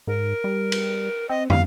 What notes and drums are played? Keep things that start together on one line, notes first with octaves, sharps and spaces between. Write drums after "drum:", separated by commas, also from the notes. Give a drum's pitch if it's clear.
G#2 A#4
G3
drum: cymbal
C4 D#5
G3 F5, drum: tom